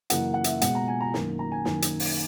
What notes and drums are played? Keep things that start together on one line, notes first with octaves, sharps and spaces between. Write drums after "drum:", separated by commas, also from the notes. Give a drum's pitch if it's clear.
F#2 C#3 E3 A#3 F#5, drum: hi-hat
F#5
E5, drum: hi-hat
B2 G#3 B3 F#5, drum: hi-hat
A#5
G#5
A#5
F#2 D#3 A#3, drum: snare
A#5
G#5
F#2 D#3 A#3, drum: snare
drum: hi-hat
drum: open hi-hat